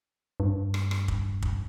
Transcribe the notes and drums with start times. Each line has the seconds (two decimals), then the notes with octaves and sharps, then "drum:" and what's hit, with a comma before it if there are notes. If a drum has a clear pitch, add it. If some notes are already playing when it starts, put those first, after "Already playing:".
0.40 G2
0.74 drum: rim click
0.91 drum: rim click
1.08 drum: kick
1.42 drum: kick